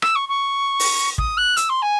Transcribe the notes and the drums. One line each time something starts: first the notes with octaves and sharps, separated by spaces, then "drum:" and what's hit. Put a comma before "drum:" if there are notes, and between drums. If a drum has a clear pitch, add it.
E6, drum: rim click
C#6
C#6
drum: open hi-hat
D#6, drum: kick
F#6
E6, drum: hi-hat
C6
G#5